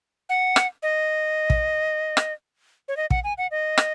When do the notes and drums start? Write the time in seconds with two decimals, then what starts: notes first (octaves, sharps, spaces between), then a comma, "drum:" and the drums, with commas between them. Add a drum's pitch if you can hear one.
0.29 F#5
0.56 drum: rim click
0.83 D#5
1.50 drum: kick
2.17 drum: rim click
2.88 C#5
2.97 D#5
3.10 F#5, drum: kick
3.24 G#5
3.38 F#5
3.51 D#5
3.78 drum: rim click